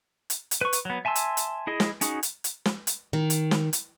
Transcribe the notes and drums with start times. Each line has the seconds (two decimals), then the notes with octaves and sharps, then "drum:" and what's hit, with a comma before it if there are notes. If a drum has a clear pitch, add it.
0.30 drum: hi-hat
0.51 drum: hi-hat
0.61 B4 C#6
0.73 drum: hi-hat
0.85 F#3 B3
1.05 E5 G#5 A5 C6 E6
1.15 drum: hi-hat
1.37 drum: hi-hat
1.67 E4 G#4 D#5
1.80 drum: snare
2.01 C#4 D#4 F#4 G#4, drum: hi-hat
2.23 drum: hi-hat
2.44 drum: hi-hat
2.65 drum: snare
2.87 drum: hi-hat
3.13 D#3
3.30 drum: hi-hat
3.51 drum: snare
3.73 drum: hi-hat